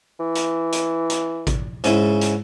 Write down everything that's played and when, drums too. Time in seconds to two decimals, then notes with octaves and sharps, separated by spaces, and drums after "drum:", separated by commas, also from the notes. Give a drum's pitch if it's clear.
0.20 E3
0.35 drum: hi-hat
0.72 drum: hi-hat
1.10 drum: hi-hat
1.47 drum: kick A1, hi-hat
1.84 G#2 C#3 C#4 E4, drum: hi-hat
2.21 drum: hi-hat